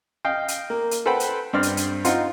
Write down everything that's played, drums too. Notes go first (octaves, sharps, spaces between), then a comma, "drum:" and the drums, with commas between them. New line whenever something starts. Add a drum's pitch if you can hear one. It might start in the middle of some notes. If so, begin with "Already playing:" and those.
D#5 F5 G5
drum: hi-hat
A#3
drum: hi-hat
A4 B4 C5 F#5 G5 B5
drum: hi-hat
G2 C4 D5 F6
drum: hi-hat
drum: hi-hat
C4 D#4 F4 F5 F#5 C6, drum: hi-hat